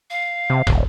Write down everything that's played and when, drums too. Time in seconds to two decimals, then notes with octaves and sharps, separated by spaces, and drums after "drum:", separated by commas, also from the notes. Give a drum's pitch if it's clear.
0.10 F5
0.50 C3
0.67 D#1, drum: tom